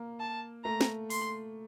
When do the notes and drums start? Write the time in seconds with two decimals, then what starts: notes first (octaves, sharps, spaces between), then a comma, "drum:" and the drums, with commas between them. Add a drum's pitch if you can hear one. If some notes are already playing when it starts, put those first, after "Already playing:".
Already playing: A#3
0.20 A5
0.64 A3 A#5
0.81 drum: snare
1.10 C6, drum: open hi-hat